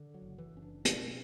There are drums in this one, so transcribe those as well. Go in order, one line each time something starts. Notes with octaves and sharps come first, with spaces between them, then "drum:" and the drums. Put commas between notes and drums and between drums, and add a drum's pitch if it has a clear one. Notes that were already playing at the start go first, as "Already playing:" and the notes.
Already playing: D3
F#3
F#1
E3
F#1 C#4
D4
B2 D4, drum: hi-hat